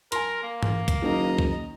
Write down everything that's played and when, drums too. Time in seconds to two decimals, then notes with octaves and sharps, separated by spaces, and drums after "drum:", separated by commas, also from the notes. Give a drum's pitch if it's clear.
0.12 A#4 G#5 C6, drum: hi-hat
0.43 A#3
0.63 drum: tom G#2
0.88 drum: kick, hi-hat
1.02 F#1 D#3 D#5 A#5
1.38 drum: kick